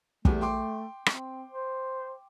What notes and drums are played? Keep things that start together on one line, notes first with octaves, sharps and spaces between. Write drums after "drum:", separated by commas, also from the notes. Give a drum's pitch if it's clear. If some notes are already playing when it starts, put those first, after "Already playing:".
E2 G3 A3, drum: kick
G5 C6 D6
C4, drum: rim click
C5